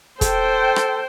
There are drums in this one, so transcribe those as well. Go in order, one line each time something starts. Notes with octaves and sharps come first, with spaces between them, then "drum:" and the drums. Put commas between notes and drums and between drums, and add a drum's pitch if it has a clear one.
A4 C5 G5, drum: kick, hi-hat
drum: rim click